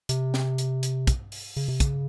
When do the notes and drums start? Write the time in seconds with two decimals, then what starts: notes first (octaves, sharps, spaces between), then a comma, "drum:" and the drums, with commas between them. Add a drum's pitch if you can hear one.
0.09 C3, drum: hi-hat
0.34 drum: snare
0.58 drum: hi-hat
0.83 drum: hi-hat
1.07 drum: kick, hi-hat
1.32 drum: open hi-hat
1.57 C#3, drum: open hi-hat
1.68 C3
1.80 C#3, drum: kick, hi-hat